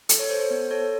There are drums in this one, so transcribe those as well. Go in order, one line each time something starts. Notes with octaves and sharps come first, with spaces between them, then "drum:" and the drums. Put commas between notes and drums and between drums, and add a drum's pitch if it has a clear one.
A4, drum: hi-hat
C#5
A4 C5
C5
B3 C5
A4 C#5